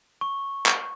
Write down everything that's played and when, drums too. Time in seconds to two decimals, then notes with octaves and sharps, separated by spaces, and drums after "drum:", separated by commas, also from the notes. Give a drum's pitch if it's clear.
0.21 C#6
0.66 drum: clap